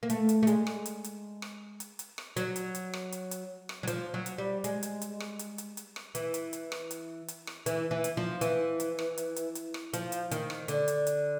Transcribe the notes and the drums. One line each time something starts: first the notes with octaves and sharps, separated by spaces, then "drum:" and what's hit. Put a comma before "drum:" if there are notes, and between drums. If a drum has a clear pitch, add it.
A#3
A3, drum: hi-hat
drum: hi-hat
A3
G#3, drum: hi-hat
drum: rim click
drum: hi-hat
drum: hi-hat
drum: rim click
drum: hi-hat
drum: hi-hat
drum: rim click
F#3, drum: hi-hat
drum: hi-hat
drum: hi-hat
drum: rim click
drum: hi-hat
drum: hi-hat
drum: rim click
F#3
F3, drum: hi-hat
F#3
drum: hi-hat
G3
G#3, drum: hi-hat
drum: hi-hat
drum: hi-hat
drum: rim click
drum: hi-hat
drum: hi-hat
drum: hi-hat
drum: rim click
E3, drum: hi-hat
drum: hi-hat
drum: hi-hat
drum: rim click
drum: hi-hat
drum: hi-hat
drum: rim click
E3, drum: hi-hat
E3
drum: hi-hat
F3
E3, drum: hi-hat
drum: hi-hat
drum: rim click
drum: hi-hat
drum: hi-hat
drum: hi-hat
drum: rim click
F3, drum: hi-hat
drum: hi-hat
D#3, drum: hi-hat
drum: rim click
D3, drum: hi-hat
drum: hi-hat
drum: hi-hat